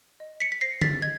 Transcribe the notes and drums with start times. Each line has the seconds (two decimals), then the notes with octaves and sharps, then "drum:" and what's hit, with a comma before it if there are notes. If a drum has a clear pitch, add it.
0.20 D#5
0.40 B6 C#7
0.52 B6
0.61 C5 A#6 C7
0.81 A6 B6, drum: tom D3
1.02 D#5 G#6